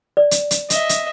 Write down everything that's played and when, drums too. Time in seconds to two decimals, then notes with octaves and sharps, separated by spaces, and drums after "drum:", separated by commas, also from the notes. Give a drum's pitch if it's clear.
0.17 D5
0.31 drum: hi-hat
0.51 drum: hi-hat
0.70 D#5 E5, drum: hi-hat
0.89 drum: hi-hat